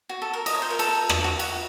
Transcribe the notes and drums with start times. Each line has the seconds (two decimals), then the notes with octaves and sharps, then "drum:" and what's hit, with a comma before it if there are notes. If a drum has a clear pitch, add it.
0.09 F#4
0.22 A4
0.33 A#4
0.46 D#5, drum: cymbal
0.55 C#5
0.62 C5
0.71 A#4
0.79 A4, drum: cymbal
1.09 drum: rim click
1.24 F#4
1.39 F#4, drum: cymbal